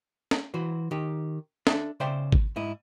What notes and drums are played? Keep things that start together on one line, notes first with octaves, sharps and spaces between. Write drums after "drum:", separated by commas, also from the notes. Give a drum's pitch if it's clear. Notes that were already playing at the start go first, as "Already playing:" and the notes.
drum: snare
E3 F#4 C5
D#3 G4
D4 A4 E5, drum: snare
C#3 C5 D5 E5 G5 C6
drum: kick G#1
G#2 E4 D#5